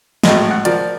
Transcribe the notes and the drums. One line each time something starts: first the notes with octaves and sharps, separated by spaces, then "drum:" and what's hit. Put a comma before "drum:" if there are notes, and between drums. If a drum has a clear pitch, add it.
G#1 A2 G#3 D#5, drum: snare
F#5
F3 A#4 D5, drum: hi-hat